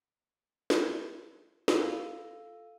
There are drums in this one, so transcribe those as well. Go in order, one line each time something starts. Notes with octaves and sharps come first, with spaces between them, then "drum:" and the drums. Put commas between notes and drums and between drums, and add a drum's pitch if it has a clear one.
drum: snare
F4 A4 F5 E6 A#6 D#7, drum: snare